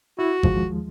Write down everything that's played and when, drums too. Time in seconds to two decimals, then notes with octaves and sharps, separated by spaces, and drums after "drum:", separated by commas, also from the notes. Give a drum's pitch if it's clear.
0.19 E4 F#4
0.43 D#2 F3 G#3, drum: kick G#1